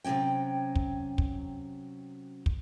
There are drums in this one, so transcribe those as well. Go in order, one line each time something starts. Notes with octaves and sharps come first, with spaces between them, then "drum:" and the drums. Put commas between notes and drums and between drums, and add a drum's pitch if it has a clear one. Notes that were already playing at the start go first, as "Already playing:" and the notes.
C3 F#3 G#3 C#4 G5
drum: kick
drum: kick
drum: kick